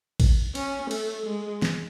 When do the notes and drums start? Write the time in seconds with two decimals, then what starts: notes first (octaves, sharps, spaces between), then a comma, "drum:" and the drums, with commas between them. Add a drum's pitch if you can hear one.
0.20 drum: kick, cymbal
0.55 C#4, drum: cymbal
0.91 A3, drum: cymbal
1.26 G#3
1.62 drum: snare